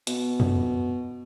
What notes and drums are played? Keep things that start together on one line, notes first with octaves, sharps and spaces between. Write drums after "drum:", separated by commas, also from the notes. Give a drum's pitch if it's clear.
B2, drum: hi-hat
drum: tom F2